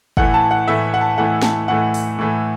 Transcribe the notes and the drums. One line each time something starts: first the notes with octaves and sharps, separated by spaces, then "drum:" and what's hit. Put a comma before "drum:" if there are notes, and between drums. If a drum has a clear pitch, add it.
A2 E3 A3 F#5, drum: kick
A5
F#5
A2 E3 A3 E5
F#5
A5
A2 E3 A3 F#5
A5, drum: snare
A2 E3 A3 F#5
drum: open hi-hat
A2 E3 A3